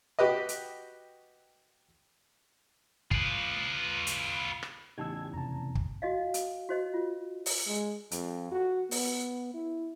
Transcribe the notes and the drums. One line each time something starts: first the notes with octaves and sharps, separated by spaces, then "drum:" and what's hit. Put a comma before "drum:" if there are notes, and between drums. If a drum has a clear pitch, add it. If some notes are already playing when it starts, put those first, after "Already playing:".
F#4 G4 B4 D#5
drum: hi-hat
F4 B4, drum: kick
drum: hi-hat
drum: rim click
E2 A2 C#3 D#4 G4 A5 E6 G#6
F2 C3 A5 A#5
drum: kick
F#4 D#5 F5
drum: hi-hat
F#4 C5 D#5
F4
drum: open hi-hat
G#3
F2, drum: hi-hat
F#4
B3, drum: open hi-hat
E4